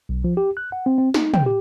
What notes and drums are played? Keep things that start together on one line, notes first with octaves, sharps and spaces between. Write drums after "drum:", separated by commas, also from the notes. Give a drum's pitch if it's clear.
B1
F3
G4
F#6
F#5
C4
C4
D#4, drum: snare
G5, drum: tom
G4